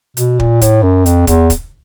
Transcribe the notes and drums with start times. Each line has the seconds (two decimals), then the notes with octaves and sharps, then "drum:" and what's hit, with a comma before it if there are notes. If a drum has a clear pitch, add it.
0.17 B2, drum: hi-hat
0.40 A#2, drum: kick
0.61 A2, drum: kick, hi-hat
0.83 F#2
1.06 F2, drum: hi-hat
1.27 E2, drum: kick, hi-hat
1.50 drum: kick, hi-hat